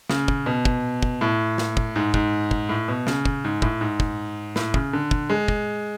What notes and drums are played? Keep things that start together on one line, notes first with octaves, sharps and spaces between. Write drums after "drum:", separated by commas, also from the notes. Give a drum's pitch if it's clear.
C#3, drum: snare
drum: kick
B2
drum: kick
drum: kick
A2
drum: snare
drum: kick
G#2
G#2, drum: kick
drum: kick
A2
B2
C#3, drum: snare
drum: kick
G#2
A2, drum: kick
G#2
drum: kick
A2, drum: snare
C#3, drum: kick
D3
drum: kick
G#3
drum: kick